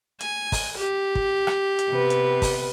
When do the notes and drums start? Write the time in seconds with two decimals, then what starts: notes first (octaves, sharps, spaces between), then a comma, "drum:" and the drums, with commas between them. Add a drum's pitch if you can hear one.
0.21 G#5, drum: hi-hat
0.52 drum: kick, open hi-hat
0.78 G4
1.15 drum: kick
1.47 drum: rim click
1.79 drum: hi-hat
1.90 C3 B3 B4
2.10 drum: hi-hat
2.42 drum: kick, open hi-hat